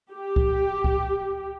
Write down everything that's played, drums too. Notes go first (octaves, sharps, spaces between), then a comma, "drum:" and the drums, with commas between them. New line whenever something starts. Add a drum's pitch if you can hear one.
G4
drum: kick C#2
drum: kick C#2